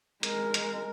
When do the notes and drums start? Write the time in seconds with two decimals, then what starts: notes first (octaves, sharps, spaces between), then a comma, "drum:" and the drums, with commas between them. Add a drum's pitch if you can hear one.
0.23 G#3 A#4, drum: hi-hat
0.54 drum: hi-hat